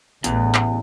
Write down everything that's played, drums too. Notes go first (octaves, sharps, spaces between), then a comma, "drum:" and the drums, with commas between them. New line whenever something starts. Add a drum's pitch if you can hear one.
A1 E2, drum: hi-hat
drum: clap